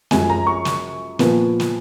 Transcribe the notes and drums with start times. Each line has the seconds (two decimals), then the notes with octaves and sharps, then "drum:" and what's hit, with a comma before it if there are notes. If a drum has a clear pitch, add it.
0.11 F#2 F3 G#3 C#4 G#5, drum: snare
0.30 A#5
0.47 C#6
0.65 drum: snare
1.19 A#2 F3 B3, drum: snare
1.60 drum: snare